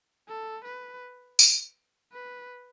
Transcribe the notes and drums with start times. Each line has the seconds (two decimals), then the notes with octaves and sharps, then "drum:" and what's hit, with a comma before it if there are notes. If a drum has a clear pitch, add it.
0.28 A4
0.65 B4
1.39 drum: tambourine
2.13 B4